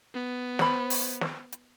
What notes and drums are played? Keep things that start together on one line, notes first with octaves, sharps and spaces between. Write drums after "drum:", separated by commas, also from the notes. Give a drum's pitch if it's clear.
B3
C5 B5, drum: snare
drum: open hi-hat
drum: snare
drum: hi-hat